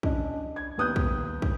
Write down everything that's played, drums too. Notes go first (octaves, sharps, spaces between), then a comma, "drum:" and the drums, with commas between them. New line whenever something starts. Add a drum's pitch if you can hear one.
C#4 D4 D#5, drum: kick
G#6
D#2 B3 D#6 F#6 G6
drum: kick
drum: kick